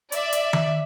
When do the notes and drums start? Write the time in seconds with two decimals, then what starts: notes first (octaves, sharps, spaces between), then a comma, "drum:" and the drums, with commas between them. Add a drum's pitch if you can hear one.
0.12 D5 E5, drum: hi-hat
0.33 drum: hi-hat
0.53 drum: tom D#3